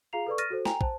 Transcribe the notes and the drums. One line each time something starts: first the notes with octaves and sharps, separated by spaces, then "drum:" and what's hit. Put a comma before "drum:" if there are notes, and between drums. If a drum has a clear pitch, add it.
F4 G#4 F5 A#5 C7 F7
A4 B4 D5 C#6
F6 A6 A#6 D#7, drum: hi-hat
F#4 A4 C5
G5 G#5 A#5 F7, drum: snare
C5 A5, drum: kick